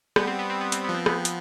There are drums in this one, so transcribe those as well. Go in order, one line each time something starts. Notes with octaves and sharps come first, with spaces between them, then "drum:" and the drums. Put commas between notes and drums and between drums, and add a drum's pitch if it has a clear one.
G3 B3, drum: rim click
C4
B3
C4
B3
C4, drum: hi-hat
F3 B3
C4
B3, drum: rim click
drum: hi-hat